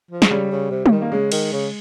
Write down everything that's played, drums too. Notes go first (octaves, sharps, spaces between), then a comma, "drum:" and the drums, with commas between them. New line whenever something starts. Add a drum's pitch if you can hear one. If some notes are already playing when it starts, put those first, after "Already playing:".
F3
G#3, drum: snare
C#3 G3
C#3
C3
C#3, drum: tom G3
D#3
A#3
C#3 G#3
D#3, drum: cymbal
C#3